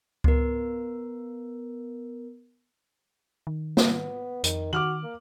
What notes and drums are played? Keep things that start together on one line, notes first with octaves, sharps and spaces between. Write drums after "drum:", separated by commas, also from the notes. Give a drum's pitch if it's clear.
B3 A#4, drum: kick C#2
D#3
B3, drum: snare
F2 D#3, drum: hi-hat
D#3 F#4 D6 F6 F#7
A#3